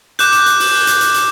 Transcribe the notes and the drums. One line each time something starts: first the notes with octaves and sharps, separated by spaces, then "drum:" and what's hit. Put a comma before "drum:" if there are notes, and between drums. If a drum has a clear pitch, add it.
D6 F#6 G6, drum: hi-hat
drum: hi-hat
drum: hi-hat
drum: open hi-hat
drum: hi-hat
drum: hi-hat
drum: hi-hat